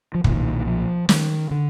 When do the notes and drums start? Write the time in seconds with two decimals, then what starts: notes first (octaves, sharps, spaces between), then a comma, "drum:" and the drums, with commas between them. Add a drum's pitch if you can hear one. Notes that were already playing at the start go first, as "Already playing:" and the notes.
0.15 F3
0.24 B1 A#2 D#3, drum: kick
0.66 F3
1.09 D#3, drum: snare
1.51 D3